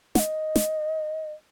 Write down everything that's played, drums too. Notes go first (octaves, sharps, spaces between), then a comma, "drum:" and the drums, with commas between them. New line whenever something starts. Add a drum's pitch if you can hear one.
F#5, drum: snare
D#5
drum: snare